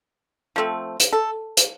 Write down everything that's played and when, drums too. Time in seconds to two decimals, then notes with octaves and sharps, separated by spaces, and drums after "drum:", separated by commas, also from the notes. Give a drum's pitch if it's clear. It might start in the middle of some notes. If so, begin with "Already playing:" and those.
0.56 F3 A3 C4
1.00 drum: hi-hat
1.13 A4
1.57 drum: hi-hat